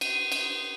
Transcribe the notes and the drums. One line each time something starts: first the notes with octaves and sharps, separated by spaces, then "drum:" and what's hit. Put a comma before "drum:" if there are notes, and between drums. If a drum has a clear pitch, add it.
D#7, drum: cymbal
drum: cymbal